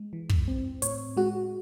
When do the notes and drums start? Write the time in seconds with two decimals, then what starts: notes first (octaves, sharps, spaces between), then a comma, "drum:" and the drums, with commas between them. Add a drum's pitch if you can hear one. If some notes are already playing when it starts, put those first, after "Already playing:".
Already playing: G#3
0.13 E3
0.29 drum: kick
0.48 C4
0.82 A2 C#5, drum: hi-hat
1.17 G#3 F#4